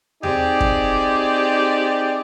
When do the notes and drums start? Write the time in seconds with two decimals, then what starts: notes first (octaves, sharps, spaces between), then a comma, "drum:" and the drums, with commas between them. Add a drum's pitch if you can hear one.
0.23 C4 D#4 G4 G#4 D5, drum: tom D#2
0.60 drum: kick